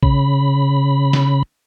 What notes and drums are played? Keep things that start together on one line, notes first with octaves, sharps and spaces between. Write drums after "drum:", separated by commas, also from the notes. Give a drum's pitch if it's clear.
C#3 B5, drum: kick
drum: snare